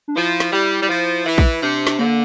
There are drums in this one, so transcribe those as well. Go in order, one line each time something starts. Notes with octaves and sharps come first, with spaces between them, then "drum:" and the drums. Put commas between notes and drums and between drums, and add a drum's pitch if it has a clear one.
D4
F3 E4
drum: snare
G3 E4
G3
F3
E3
drum: kick
C3 D4
drum: snare
D3 A#3